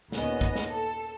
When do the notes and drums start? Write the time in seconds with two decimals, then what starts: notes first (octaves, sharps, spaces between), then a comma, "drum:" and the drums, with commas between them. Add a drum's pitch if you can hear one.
0.12 D#2 A#2 B3 C#4 D#5, drum: snare
0.41 drum: kick
0.56 drum: snare
0.70 A4